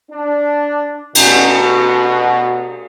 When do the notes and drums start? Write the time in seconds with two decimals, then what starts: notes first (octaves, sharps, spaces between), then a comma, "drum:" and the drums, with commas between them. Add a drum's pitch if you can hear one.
0.11 D4
1.15 B2, drum: cymbal